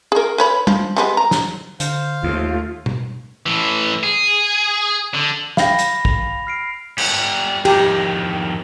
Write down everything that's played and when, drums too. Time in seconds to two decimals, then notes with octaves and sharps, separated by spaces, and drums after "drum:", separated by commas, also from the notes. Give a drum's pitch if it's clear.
0.12 G#4 A#4
0.38 B4 C#5 B5
0.67 F3, drum: tom
0.97 G3 G#3 B3
1.17 A#5
1.31 drum: snare
1.80 D3 C5 F5, drum: hi-hat
2.23 D#2 A3 F4
2.86 drum: tom
3.46 A2 E3
4.03 G#4
5.14 D3
5.57 F5 G5 B5 A#6, drum: snare
5.79 drum: hi-hat
6.05 F7, drum: kick
6.47 F6 C7 D7
6.98 G3 F#5, drum: cymbal
7.65 F2 D#3 G4, drum: cymbal